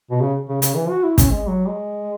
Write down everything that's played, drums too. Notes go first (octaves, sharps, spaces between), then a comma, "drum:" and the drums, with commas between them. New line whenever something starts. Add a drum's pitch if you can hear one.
B2
C#3
C#3
C#3, drum: hi-hat
E3
F#4
E4
C#4, drum: kick, hi-hat
G#3
F#3
G#3